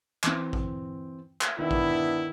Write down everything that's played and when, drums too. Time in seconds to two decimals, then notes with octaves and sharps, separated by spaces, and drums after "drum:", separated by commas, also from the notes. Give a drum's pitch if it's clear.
0.24 E3 C4, drum: clap
0.53 drum: kick A1
1.41 drum: clap
1.58 D#3 B3 D4 E4
1.71 drum: kick A1